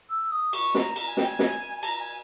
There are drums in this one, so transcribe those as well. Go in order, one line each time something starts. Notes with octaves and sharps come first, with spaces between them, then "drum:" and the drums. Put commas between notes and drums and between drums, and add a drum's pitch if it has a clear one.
E6
D#6
C#6, drum: cymbal
A#5, drum: snare
A#5, drum: cymbal
G#5
G5, drum: snare
G#5
drum: snare
G#5
A#5, drum: cymbal
A#5
G#5